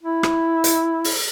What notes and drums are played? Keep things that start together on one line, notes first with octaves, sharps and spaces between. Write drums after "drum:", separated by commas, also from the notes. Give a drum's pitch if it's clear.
E4
drum: rim click
drum: hi-hat
drum: open hi-hat